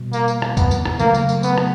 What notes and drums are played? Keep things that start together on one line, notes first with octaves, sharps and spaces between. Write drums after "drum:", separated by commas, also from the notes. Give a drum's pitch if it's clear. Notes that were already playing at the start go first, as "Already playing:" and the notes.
Already playing: B2 G3
A#3, drum: tambourine
drum: tambourine
drum: rim click
B3, drum: kick, tambourine
drum: tambourine
drum: rim click
C#3 F#3 A3 A#3 C4, drum: tambourine
drum: tambourine
drum: tambourine
B3, drum: tambourine
drum: rim click